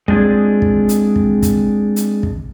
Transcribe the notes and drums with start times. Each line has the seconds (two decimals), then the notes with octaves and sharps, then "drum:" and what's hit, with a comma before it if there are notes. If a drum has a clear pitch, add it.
0.08 G#3 C4 D4 F4 G#4, drum: kick
0.62 drum: kick
0.89 drum: hi-hat
1.16 drum: kick
1.42 drum: kick, hi-hat
1.96 drum: hi-hat
2.23 drum: kick